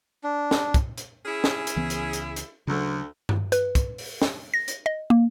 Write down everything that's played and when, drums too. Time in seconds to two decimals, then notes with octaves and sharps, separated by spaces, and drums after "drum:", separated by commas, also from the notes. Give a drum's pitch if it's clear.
0.24 D4
0.51 drum: snare
0.74 drum: kick, hi-hat
0.98 drum: hi-hat
1.25 C#4 E4 G#4
1.44 drum: snare
1.67 drum: hi-hat
1.76 C#2 E3 B3
1.90 drum: hi-hat
2.13 drum: hi-hat
2.36 drum: hi-hat
2.67 D2 C#3 F#3
3.29 drum: tom G2
3.52 B4, drum: hi-hat
3.75 drum: kick, hi-hat
3.98 drum: open hi-hat
4.22 drum: snare
4.54 A#6
4.68 drum: hi-hat
4.86 D#5
5.10 A#3